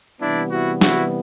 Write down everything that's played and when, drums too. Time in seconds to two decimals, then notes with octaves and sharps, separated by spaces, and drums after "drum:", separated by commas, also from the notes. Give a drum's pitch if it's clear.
0.20 C3 E3 G3 B3 D4 E4
0.50 E4 F#4
0.81 E4 F#4, drum: snare